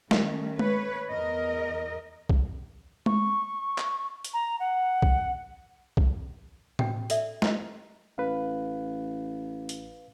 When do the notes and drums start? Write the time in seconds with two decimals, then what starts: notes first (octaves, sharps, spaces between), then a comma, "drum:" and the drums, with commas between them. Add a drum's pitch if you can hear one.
0.11 D#3 G3 A3 C#4, drum: snare
0.59 A3 B4 C#5, drum: tom G#3
1.12 E2 A#4 D#5
2.29 drum: kick B1
3.06 C#6, drum: tom G#3
3.78 drum: clap
4.25 drum: hi-hat
4.34 A#5
4.60 F#5
5.02 drum: kick B1
5.97 drum: kick B1
6.79 D4 F#4 F#5 G5, drum: tom A2
7.10 A4 D5 E5, drum: hi-hat
7.42 D#5 A#5, drum: snare
8.18 A1 B4 F5
9.69 drum: hi-hat